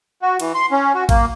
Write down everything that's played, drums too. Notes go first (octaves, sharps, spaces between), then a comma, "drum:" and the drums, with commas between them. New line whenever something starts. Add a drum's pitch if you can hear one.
F#4
E3, drum: cymbal
C6
C#4
F#4
A#3, drum: kick A1, cymbal